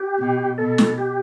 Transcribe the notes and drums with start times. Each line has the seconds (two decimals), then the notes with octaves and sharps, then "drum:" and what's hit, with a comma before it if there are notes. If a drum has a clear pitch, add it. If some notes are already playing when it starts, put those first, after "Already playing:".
Already playing: G4
0.19 B2
0.58 B2 A4
0.78 drum: snare
0.98 G4